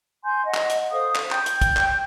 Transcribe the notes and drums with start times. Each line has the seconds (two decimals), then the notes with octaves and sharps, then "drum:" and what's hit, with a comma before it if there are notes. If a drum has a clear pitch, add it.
0.24 G#5 C6 G6
0.45 D#5 F#5
0.54 drum: clap
0.70 drum: hi-hat
0.91 A4 C5 F5 D#6
1.16 drum: clap
1.31 G5 G6, drum: clap
1.46 drum: hi-hat
1.61 drum: kick, hi-hat
1.77 drum: clap